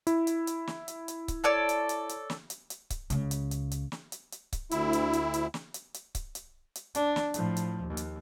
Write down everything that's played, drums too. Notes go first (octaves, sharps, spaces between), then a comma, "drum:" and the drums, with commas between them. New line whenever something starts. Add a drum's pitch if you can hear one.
E4, drum: hi-hat
drum: hi-hat
drum: hi-hat
drum: snare
drum: hi-hat
drum: hi-hat
drum: kick C#1, hi-hat
A4 C#5 D5
drum: hi-hat
drum: hi-hat
drum: hi-hat
drum: snare
drum: hi-hat
drum: hi-hat
drum: kick C#1, hi-hat
C#2 C#3, drum: hi-hat
drum: hi-hat
drum: hi-hat
drum: hi-hat
drum: snare
drum: hi-hat
drum: hi-hat
drum: kick C#1, hi-hat
D2 E4, drum: hi-hat
drum: hi-hat
drum: hi-hat
drum: hi-hat
drum: snare
drum: hi-hat
drum: hi-hat
drum: kick C#1, hi-hat
drum: hi-hat
drum: hi-hat
D4, drum: hi-hat
drum: snare
A2 F3, drum: hi-hat
drum: hi-hat
D#2
drum: hi-hat